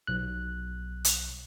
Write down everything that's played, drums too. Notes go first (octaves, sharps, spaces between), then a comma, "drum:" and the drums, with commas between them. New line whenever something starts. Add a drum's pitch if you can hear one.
B1 F#6
drum: hi-hat